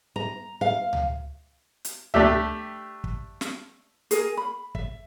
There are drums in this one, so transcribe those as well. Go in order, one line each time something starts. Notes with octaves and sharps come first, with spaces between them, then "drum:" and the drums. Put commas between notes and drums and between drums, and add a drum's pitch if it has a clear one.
A#5
F5
drum: tom C#2
drum: hi-hat
A3 D4 G4 E5, drum: tom C#2
drum: kick
drum: snare
G#4 A#4 G#5, drum: hi-hat
B5
E5, drum: kick